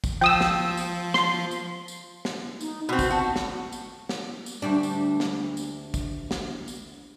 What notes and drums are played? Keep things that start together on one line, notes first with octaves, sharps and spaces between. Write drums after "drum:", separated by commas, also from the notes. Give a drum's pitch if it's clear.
drum: kick, tambourine
F3 G5 D#6 E6
drum: snare
drum: tambourine
C6, drum: snare
drum: tambourine
drum: tambourine
drum: snare
D#4, drum: tambourine
B2 C4 F#4
drum: kick, tambourine
F#4 A5
drum: snare
drum: tambourine
drum: snare
drum: tambourine
D2 G3 D4
drum: tambourine
drum: snare
drum: tambourine
drum: kick, tambourine
drum: snare
drum: tambourine